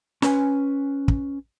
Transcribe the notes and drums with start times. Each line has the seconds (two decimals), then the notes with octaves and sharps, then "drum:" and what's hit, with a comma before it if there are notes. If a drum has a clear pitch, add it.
0.22 C#4 B4 G#5, drum: snare
1.08 drum: kick